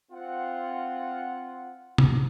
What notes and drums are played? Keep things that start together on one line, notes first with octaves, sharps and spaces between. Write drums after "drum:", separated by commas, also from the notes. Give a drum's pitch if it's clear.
C4 F4 F#5
drum: tom C3